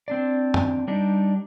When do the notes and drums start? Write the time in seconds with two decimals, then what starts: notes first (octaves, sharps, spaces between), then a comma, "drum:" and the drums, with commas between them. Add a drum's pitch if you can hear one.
0.08 C4 D4 D5
0.54 drum: tom
0.88 G3 D4 D#4